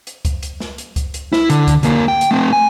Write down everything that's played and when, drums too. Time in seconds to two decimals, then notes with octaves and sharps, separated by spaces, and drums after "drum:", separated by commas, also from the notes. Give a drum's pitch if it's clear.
0.07 drum: hi-hat
0.25 drum: kick C#2, hi-hat
0.43 drum: hi-hat
0.60 drum: snare
0.78 drum: hi-hat
0.96 drum: kick C#2, hi-hat
1.14 drum: hi-hat
1.33 E4, drum: snare
1.50 D3, drum: hi-hat
1.67 drum: kick C#2, hi-hat
1.83 D3 A#3, drum: hi-hat
2.08 G5
2.21 drum: hi-hat
2.31 A3 C4
2.53 G#5